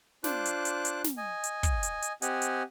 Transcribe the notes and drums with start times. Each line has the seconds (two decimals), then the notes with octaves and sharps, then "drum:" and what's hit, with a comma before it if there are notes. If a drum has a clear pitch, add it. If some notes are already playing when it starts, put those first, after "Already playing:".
0.24 D4 F4 C5 D6 F#6, drum: snare
0.45 drum: hi-hat
0.65 drum: hi-hat
0.85 drum: hi-hat
1.04 drum: snare
1.17 D#5 G#5
1.44 drum: hi-hat
1.63 drum: kick, hi-hat
1.83 drum: hi-hat
2.02 drum: hi-hat
2.22 C4 G4 D#5 F#5 G#5, drum: hi-hat
2.42 drum: hi-hat